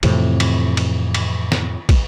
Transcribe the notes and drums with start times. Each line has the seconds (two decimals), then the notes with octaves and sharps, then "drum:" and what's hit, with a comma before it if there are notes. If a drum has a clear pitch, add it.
0.03 F2 A2 C3 E3, drum: cymbal
0.40 drum: cymbal
0.77 drum: cymbal
1.15 drum: cymbal
1.52 drum: snare
1.89 drum: kick, cymbal